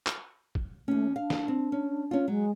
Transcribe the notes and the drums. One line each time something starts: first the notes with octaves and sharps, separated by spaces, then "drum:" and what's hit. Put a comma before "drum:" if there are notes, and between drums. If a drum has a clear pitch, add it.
drum: clap
drum: kick
D#2 A3 C#4
D4 F5
drum: snare
C4
C#4
C#4 F4
F#3 G#3